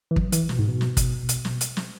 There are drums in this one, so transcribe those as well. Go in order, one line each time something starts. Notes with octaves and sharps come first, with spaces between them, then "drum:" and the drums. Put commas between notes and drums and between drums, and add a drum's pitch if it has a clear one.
E3
F#3, drum: kick
E3, drum: hi-hat
B2, drum: snare
G#2
B2
drum: snare
drum: kick, hi-hat
drum: hi-hat
drum: snare
drum: hi-hat
drum: snare